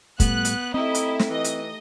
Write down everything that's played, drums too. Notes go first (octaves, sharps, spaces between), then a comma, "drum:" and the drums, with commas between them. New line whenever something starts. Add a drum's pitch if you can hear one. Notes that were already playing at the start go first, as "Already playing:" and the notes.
A2 G3 A3 B3 F#6, drum: kick, hi-hat
drum: hi-hat
A3 C4 D#4 E4 G4 D#5
drum: hi-hat
drum: snare
E3 D#5
drum: hi-hat